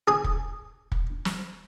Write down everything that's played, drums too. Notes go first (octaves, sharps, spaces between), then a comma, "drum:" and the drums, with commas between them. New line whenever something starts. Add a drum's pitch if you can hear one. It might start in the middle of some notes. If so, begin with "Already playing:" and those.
G#4 G#5 D#6
drum: kick
drum: kick
drum: snare